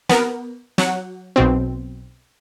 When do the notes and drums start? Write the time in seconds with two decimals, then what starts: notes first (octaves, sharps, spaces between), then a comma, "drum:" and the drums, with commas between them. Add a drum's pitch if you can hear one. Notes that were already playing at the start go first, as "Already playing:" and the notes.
0.09 B3 A#4, drum: snare
0.78 F#3 F#5, drum: snare
1.36 B1 B2 C4